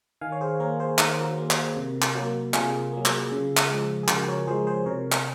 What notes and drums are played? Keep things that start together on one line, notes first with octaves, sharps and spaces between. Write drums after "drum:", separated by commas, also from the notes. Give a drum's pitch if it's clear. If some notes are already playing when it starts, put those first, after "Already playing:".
D#3 F5 G#5
C#5
G#4 C5
A#3 A#4 C#5
G#4 C5
D#3 A#4, drum: clap
C5
F#4 A#4
A#3
drum: clap
C3
drum: clap
F#3 A#3
C3 F4 G#4, drum: clap
F#3 A#3
drum: clap
C#3
drum: clap
F3 G#3
G#4
C#3 F#4 A#4, drum: clap
A#4 C#5
F3 G#3 G#4 C5
G#4 C5
C3 A#4 C#5
drum: clap